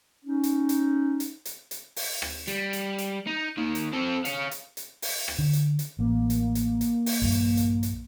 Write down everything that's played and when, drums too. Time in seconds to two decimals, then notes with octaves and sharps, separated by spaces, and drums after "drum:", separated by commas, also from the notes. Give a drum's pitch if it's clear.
0.25 C#4 D#4
0.43 drum: hi-hat
0.69 drum: hi-hat
1.20 drum: hi-hat
1.45 drum: hi-hat
1.71 drum: hi-hat
1.96 drum: open hi-hat
2.22 drum: rim click
2.47 G3, drum: hi-hat
2.73 drum: hi-hat
2.98 drum: hi-hat
3.27 D#4
3.57 D#3 A#3
3.75 drum: hi-hat
3.93 C4 A4
4.25 C#5 F5, drum: hi-hat
4.51 drum: hi-hat
4.77 drum: hi-hat
5.02 drum: open hi-hat
5.28 drum: rim click
5.39 D3
5.53 drum: hi-hat
5.79 drum: hi-hat
5.99 A1 A#3
6.30 drum: hi-hat
6.55 drum: hi-hat
6.81 drum: hi-hat
7.06 drum: open hi-hat
7.22 A#1 G2
7.32 drum: hi-hat
7.57 drum: hi-hat
7.83 drum: hi-hat